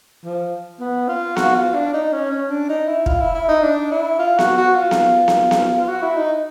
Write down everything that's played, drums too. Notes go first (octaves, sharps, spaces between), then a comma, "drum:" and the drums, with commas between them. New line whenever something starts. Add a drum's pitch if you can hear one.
F3
B3
F4
F#4, drum: snare B3
F4
D4
D#4
C#4
C#4
D4
D#4
E4
F4, drum: kick
E4
E4
D#4
D4
E4
F4
F#4, drum: snare B3
F#4
F4
drum: snare B3
drum: snare B3
drum: snare B3
F#4
E4
D#4